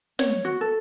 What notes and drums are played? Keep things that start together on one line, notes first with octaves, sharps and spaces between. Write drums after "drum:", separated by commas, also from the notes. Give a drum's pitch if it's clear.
C#5, drum: snare
F#4
A4